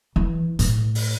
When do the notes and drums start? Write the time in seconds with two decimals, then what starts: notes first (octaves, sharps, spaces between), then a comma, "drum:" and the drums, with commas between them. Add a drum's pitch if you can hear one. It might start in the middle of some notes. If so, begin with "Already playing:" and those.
0.16 E3
0.59 A2, drum: hi-hat
0.95 drum: open hi-hat